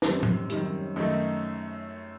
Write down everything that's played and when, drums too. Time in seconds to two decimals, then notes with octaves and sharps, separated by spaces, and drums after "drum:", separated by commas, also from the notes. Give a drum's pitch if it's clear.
0.02 F#2 D#3 G3 C4, drum: snare
0.23 drum: tom A2
0.50 F#2 D#3 G3, drum: hi-hat
0.96 F#2 D#3 A3 D#4